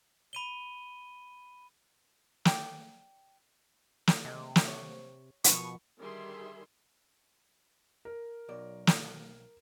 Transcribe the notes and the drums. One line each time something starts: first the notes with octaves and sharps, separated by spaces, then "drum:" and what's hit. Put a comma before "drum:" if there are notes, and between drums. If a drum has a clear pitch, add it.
B5 D#7 G7
D5 G5, drum: snare
drum: snare
C3 G#3
drum: snare
G4 C#5
B2 F3 G#4 A#4 B5 C#6, drum: hi-hat
D3 D#3 G3 G#4 E5 C6
A#4
B1 F#3 D5
drum: snare